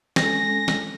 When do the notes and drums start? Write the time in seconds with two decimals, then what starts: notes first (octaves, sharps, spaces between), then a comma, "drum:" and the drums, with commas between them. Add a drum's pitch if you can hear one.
0.16 G#3 C#4 A4 A#6, drum: snare
0.68 drum: snare